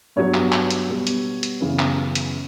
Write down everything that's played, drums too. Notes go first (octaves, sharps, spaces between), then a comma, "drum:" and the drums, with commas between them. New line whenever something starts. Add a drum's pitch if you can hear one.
G2 F#3 B3 C#5
drum: clap
drum: clap
drum: hi-hat
B2 G3 B3
drum: hi-hat
drum: hi-hat
F#2 C#3 E3 B3
drum: clap
drum: hi-hat